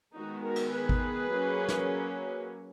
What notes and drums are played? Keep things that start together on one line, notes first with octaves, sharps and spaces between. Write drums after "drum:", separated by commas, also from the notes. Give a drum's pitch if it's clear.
D#3 G#3 B3 D#4 F#4
F#4 A#4
drum: cymbal
G#4 B4
drum: kick G#1
F#3 A#3 C#4
drum: snare